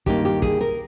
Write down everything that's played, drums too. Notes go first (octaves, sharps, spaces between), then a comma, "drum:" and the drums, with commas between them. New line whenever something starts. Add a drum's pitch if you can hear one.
G2 D#3 A#3 D#4 G4, drum: kick
G4
G#4, drum: kick, hi-hat
A#4